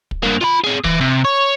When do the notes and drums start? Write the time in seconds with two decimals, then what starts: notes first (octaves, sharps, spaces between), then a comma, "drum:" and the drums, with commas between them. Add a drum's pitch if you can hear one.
0.11 drum: kick
0.23 G2 A#3
0.41 F4 B5
0.64 C4 G#4
0.84 E3, drum: kick
1.01 C3
1.25 C#5